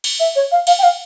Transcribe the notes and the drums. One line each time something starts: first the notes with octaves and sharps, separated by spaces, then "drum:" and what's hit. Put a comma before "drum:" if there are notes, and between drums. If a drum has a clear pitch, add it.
drum: cymbal
E5
C#5
F5
F5, drum: cymbal
G5
F5